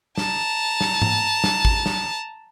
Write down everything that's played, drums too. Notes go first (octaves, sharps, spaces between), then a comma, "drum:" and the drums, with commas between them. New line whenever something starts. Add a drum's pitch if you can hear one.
A5 A#5, drum: snare
drum: snare
drum: tom G#2
drum: snare
drum: kick G#1
drum: snare